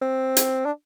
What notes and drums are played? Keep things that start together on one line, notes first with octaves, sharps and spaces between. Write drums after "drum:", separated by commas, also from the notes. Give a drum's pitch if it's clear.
C4
drum: hi-hat
D4